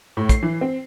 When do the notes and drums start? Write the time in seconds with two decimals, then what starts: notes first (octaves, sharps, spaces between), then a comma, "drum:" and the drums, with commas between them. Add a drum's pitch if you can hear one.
0.17 A2
0.29 C7, drum: kick, hi-hat
0.43 E3
0.61 C4